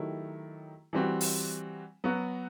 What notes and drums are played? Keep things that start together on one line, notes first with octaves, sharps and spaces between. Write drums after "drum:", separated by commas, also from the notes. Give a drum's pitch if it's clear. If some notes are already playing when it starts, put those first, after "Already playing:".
Already playing: D#3 F#3 A3 E4 G4
E3 G3 C4 F#4
drum: open hi-hat
F#3 B3 F#4